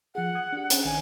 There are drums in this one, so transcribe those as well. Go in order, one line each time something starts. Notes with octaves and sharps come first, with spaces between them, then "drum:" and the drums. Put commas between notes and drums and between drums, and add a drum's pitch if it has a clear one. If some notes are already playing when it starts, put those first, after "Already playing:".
F3 F4 G#4 F#5
D#6 G#6
D4 G4
C#4 G#4, drum: hi-hat
A#1 D#3 D5 G#5